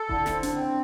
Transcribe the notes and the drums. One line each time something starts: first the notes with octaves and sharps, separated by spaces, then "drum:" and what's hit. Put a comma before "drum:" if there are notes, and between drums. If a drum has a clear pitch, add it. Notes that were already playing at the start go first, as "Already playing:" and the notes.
Already playing: A4
D3 E4, drum: kick E1
E4, drum: snare
C4
D4, drum: hi-hat
C4